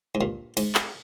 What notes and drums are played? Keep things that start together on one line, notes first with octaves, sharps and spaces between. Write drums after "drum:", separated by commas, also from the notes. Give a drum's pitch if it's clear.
G#2
G2 A#2
G#2, drum: cymbal
drum: clap